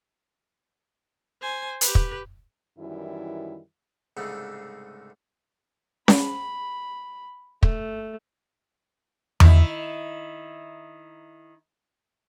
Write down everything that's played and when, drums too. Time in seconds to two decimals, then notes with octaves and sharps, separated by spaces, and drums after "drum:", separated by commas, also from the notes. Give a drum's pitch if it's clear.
1.41 C5 G#5
1.81 G4 B4, drum: hi-hat
1.95 drum: kick
2.78 F#2 D#3 E3 G3 E4
4.17 C2 G#2 C#3 G#3 A3
6.08 B5, drum: snare C#4
7.63 A3, drum: kick
9.40 D#3 E4, drum: tom E2